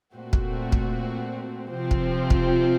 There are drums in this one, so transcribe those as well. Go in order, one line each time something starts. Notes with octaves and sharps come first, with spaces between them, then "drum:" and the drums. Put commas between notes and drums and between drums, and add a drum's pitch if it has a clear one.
A#2 A3 C4 F#4
drum: kick
drum: kick
C3 F3 C4
drum: kick
drum: kick